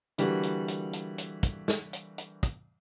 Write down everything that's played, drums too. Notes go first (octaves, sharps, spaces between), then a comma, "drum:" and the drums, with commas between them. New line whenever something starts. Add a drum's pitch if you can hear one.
D3 E3 G3 A#3 F#4, drum: hi-hat
drum: hi-hat
drum: hi-hat
drum: hi-hat
drum: hi-hat
drum: kick, hi-hat
drum: snare
drum: hi-hat
drum: hi-hat
drum: kick, hi-hat